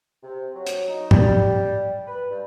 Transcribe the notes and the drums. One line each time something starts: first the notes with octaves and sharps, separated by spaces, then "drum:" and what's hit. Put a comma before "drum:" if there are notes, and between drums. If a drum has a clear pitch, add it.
C3
F#3
drum: hi-hat
D#4
G3, drum: tom G#2
B4
G2